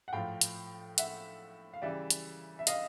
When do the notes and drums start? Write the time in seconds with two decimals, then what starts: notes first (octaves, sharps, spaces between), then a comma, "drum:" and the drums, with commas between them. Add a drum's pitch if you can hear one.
0.08 F#5
0.13 A2 F3 F5 G5
0.41 drum: hi-hat
0.98 E5 F#5, drum: hi-hat
1.73 F5
1.82 C#3 E3 G3 D5 E5
2.10 drum: hi-hat
2.59 E5
2.67 D#5 F5, drum: hi-hat